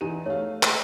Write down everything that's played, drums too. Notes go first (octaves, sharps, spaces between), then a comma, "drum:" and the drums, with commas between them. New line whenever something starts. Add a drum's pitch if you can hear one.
E2 D#4 G4 D#7
A3 C#5 F5
drum: clap